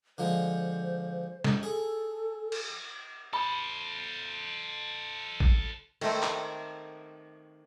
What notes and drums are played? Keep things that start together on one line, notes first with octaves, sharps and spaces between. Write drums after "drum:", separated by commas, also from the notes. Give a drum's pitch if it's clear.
D3 F3 G#3 C5
drum: snare
G#4 A4
drum: cymbal
A4 C5 B5
drum: kick
D#3 A3 C4, drum: cymbal
drum: clap